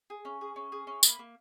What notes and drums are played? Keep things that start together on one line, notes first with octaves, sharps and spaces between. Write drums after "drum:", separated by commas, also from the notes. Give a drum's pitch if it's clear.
G#4
C#4
G#4
C#4
G#4
C#4
A#3 B5 D#6, drum: tambourine
A#3